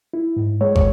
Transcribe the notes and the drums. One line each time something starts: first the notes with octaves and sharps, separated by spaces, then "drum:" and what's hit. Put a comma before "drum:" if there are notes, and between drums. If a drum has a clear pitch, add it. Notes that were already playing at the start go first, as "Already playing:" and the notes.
E4
G#2
G#3 C#5
C#5, drum: kick